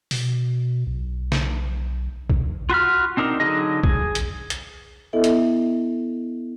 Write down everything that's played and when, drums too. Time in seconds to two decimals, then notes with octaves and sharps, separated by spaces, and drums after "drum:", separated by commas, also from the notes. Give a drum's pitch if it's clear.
0.11 B2, drum: open hi-hat
0.87 B1
1.32 drum: snare
2.30 drum: kick A#1
2.69 F4 F#4 B5 F6
3.17 C4 D4 D#4 A#4
3.40 D3 F#3 D#4 G#4 D#5
3.84 G#4, drum: kick A#1
4.15 drum: hi-hat
4.50 drum: hi-hat
5.13 B3 E4 A4 D#5 E5
5.24 drum: hi-hat